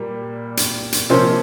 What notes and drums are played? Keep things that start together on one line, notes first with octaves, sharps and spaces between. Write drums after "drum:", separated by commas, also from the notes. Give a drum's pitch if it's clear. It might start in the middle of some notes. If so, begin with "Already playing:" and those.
Already playing: A#2 G3 A#3
drum: hi-hat
drum: hi-hat
C3 F3 A#3 C#4 C5